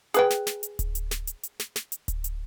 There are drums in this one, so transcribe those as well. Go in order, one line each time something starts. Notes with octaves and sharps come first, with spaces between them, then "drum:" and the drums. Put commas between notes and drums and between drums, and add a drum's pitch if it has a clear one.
G#4 B4 G5, drum: hi-hat
drum: snare
drum: snare
drum: hi-hat
drum: kick D1, hi-hat
drum: hi-hat
drum: snare
drum: hi-hat
drum: hi-hat
drum: snare
drum: snare
drum: hi-hat
drum: kick D1, hi-hat
drum: hi-hat